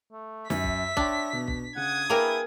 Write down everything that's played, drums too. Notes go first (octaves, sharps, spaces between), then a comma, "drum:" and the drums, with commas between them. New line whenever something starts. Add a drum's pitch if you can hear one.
A3
F#2 E5 B6, drum: snare
drum: kick B1
D4 C#5 G5 C6, drum: kick B1
B2
drum: kick B1
C#3 F#5 D#6 G#6
A#3 E4 G#4 A#4 B4 G5